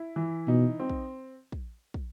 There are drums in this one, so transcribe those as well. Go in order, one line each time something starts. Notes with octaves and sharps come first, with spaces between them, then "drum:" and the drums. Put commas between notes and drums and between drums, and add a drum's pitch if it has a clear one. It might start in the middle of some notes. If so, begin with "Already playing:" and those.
Already playing: E4
E3
B2 D#4
C4
drum: kick
drum: kick
drum: kick